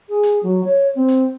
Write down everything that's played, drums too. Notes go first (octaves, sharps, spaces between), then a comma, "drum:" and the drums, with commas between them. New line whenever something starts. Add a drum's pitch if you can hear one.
G#4
drum: hi-hat
F#3
C#5
C4
drum: hi-hat